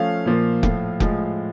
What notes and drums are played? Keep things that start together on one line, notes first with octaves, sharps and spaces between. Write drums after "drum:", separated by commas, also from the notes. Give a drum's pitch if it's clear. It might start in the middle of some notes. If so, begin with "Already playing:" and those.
Already playing: F3 A3 C#4 F5
A#2 F3 A#3
A2 F3 A3, drum: kick F1
A2 F3 G#3, drum: kick F1